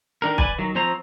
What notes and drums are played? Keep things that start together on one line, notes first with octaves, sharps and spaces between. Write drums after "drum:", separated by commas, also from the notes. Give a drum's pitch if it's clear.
D#3 D4 A#4
B4 D5 G#5, drum: kick
D#3 F#3
F3 C4 C5 C#5 A#5